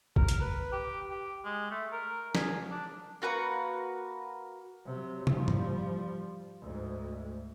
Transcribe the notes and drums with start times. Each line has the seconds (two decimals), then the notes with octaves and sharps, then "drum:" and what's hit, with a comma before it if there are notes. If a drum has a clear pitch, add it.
0.16 A#4, drum: kick
0.28 drum: hi-hat
0.41 B4
0.72 G4
1.10 G4
1.45 G#3
1.71 A3
1.92 A#4
2.35 G#4, drum: snare
2.70 D4
3.22 A#3 F#4 B4 A#5
4.85 C3 F#3
5.27 F3 G3, drum: tom
5.48 drum: tom G#2
6.61 D2 G#2